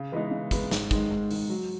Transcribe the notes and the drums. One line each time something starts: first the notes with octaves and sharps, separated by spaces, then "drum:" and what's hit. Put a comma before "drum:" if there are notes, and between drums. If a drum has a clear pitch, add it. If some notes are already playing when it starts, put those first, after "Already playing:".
Already playing: C#3
E3 G#3 B3 D#4
C#3
E3 G#3 B3 D#4, drum: kick, hi-hat
G#2, drum: snare
D#3 G#3, drum: kick, hi-hat
G#2
D#3 G#3, drum: open hi-hat
F#3